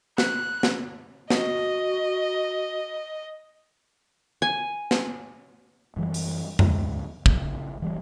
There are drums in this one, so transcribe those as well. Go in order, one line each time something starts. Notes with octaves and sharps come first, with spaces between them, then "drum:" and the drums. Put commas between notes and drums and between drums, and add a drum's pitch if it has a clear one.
F#6, drum: snare
drum: snare
F#4 D#5, drum: snare
G#5
drum: snare
F#2 E3 G3
drum: open hi-hat
D2 G#2, drum: tom F2
A#1 C#3, drum: kick
D#1 E3 G3